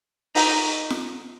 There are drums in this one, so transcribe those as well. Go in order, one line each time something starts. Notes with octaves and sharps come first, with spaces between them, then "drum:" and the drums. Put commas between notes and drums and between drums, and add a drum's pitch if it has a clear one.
D#4, drum: open hi-hat
drum: snare F4